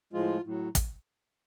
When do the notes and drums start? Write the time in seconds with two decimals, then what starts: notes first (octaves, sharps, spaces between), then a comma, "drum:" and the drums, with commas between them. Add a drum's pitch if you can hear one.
0.13 A2 F3 G#3 F4
0.44 A2 F#3
0.75 drum: kick, hi-hat